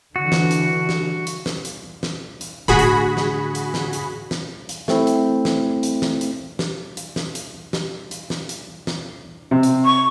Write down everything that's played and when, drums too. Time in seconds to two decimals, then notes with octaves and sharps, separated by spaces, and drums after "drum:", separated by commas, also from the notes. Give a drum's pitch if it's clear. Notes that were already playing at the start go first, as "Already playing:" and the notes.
0.16 D3 E3 F#4
0.32 drum: snare
0.51 drum: hi-hat
0.89 drum: snare
1.27 drum: hi-hat
1.46 drum: snare
1.65 drum: hi-hat
2.03 drum: snare
2.41 drum: hi-hat
2.68 A2 D3 F#4 G#4 B5
2.79 drum: hi-hat
3.17 drum: snare
3.55 drum: hi-hat
3.74 drum: snare
3.93 drum: hi-hat
4.31 drum: snare
4.69 drum: hi-hat
4.88 A3 C4 E4, drum: snare
5.07 drum: hi-hat
5.45 drum: snare
5.83 drum: hi-hat
6.02 drum: snare
6.21 drum: hi-hat
6.59 drum: snare
6.97 drum: hi-hat
7.16 drum: snare
7.35 drum: hi-hat
7.73 drum: snare
8.11 drum: hi-hat
8.30 drum: snare
8.49 drum: hi-hat
8.87 drum: snare
9.51 C3
9.63 drum: hi-hat
9.85 C#6